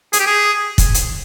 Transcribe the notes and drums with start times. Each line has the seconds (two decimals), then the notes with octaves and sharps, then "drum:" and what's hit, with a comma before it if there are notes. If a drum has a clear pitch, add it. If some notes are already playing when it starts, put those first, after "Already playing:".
0.13 G#4, drum: hi-hat
0.19 G4
0.27 G#4
0.78 drum: kick, hi-hat
0.94 drum: hi-hat